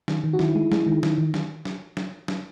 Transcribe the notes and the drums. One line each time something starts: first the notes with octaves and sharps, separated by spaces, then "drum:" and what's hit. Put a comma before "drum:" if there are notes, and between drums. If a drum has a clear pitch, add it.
D#3, drum: snare
D#3
F#4
D#3 E4, drum: snare
G#3
G#3, drum: snare
D#3
D#3, drum: snare
D#3
drum: snare
drum: snare
drum: snare
drum: snare